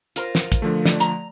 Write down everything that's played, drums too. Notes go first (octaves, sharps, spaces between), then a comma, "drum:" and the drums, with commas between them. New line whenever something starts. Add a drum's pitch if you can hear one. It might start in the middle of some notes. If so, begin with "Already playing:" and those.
F4 A#4 C5, drum: hi-hat
drum: snare
drum: kick, hi-hat
D3 F3 A3
D5, drum: snare
A#5, drum: hi-hat